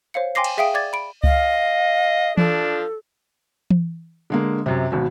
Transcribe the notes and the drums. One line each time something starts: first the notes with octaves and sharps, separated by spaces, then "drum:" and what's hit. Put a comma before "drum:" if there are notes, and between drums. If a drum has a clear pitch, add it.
C5 C#5 F5 C#7
G5 G#5 C6 D6 A#6 C7
drum: cymbal
G#4 E5 F5 G5 D#6 D7
D5 D6 G#6 A6
B5 D7
D#5 F5, drum: kick C#2
F3 D4 A4, drum: tom E3
drum: tom E3
D3 G#3 A#3
F#2 C3
G#1 B2 F#3